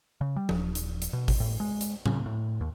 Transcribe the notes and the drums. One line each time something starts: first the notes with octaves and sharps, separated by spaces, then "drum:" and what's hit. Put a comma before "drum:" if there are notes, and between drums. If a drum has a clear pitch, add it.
C#3
G3
D#1, drum: tom F3
drum: hi-hat
drum: hi-hat
B2
drum: kick G#1, open hi-hat
A2
G#3
drum: hi-hat
C#3, drum: tom A2
A2
D#2